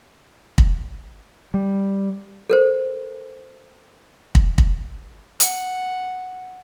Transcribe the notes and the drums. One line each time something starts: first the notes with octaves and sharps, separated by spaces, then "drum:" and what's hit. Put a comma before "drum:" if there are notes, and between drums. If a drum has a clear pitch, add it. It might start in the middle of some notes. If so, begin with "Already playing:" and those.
drum: kick
G3
A4 A#4 C5
drum: kick
drum: kick
F#5, drum: hi-hat